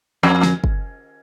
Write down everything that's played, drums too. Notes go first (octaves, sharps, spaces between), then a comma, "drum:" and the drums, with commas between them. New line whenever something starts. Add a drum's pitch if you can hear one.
F2
drum: snare
drum: kick